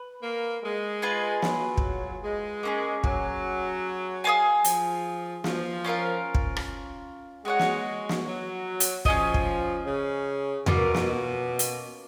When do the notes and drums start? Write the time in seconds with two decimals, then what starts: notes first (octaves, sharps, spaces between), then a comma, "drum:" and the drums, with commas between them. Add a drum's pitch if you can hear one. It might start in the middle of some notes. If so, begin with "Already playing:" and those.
Already playing: B4
0.23 A#3
0.63 G#3
1.02 F4 G#4 B4
1.42 F#3, drum: snare
1.78 drum: kick
2.23 G#3
2.63 A#3 C#4 G#4
3.04 F#3, drum: kick
4.24 G#4 C#5 F5 G#5
4.64 F3, drum: hi-hat
5.44 F3, drum: snare
5.85 C#4 F4 A#4 F5
6.35 drum: kick
6.56 drum: rim click
7.45 G#3 F#4 C#5 F#5
7.59 drum: snare
8.09 drum: snare
8.26 F#3
8.80 drum: hi-hat
9.05 F3 C#4 G#4 D#5, drum: kick
9.34 drum: kick
9.85 C#3
10.66 B2 A#3 C#4 F4 A#4, drum: tom E2
10.94 drum: snare
11.06 B2
11.59 drum: hi-hat